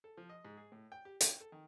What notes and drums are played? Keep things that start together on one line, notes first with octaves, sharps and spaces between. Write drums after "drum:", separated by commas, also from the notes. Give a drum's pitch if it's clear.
A4
F3
D#5
G#2
G#4
A2
G5
G4
G5, drum: hi-hat
A4
D#3